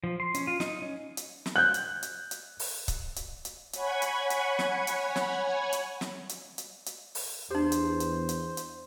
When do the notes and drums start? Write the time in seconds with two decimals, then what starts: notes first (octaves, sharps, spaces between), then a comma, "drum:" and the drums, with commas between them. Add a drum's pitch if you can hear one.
0.04 F3
0.20 C6
0.34 C#4, drum: hi-hat
0.47 F4
0.60 D#4, drum: snare
0.82 C#4
1.17 drum: hi-hat
1.46 drum: snare
1.56 F#6 G6
1.74 drum: hi-hat
2.03 drum: hi-hat
2.31 drum: hi-hat
2.59 drum: open hi-hat
2.88 drum: kick C#1, hi-hat
3.16 drum: hi-hat
3.45 drum: hi-hat
3.73 C#5 F#5 G#5 B5 C#6 G#6, drum: hi-hat
4.02 drum: hi-hat
4.30 drum: hi-hat
4.59 drum: snare
4.87 drum: hi-hat
5.16 drum: snare
5.73 drum: hi-hat
6.01 drum: snare
6.29 drum: hi-hat
6.58 drum: hi-hat
6.86 drum: hi-hat
7.15 drum: open hi-hat
7.51 E2 D4 G4 C5
7.72 drum: hi-hat
8.00 drum: hi-hat
8.29 drum: hi-hat
8.57 drum: hi-hat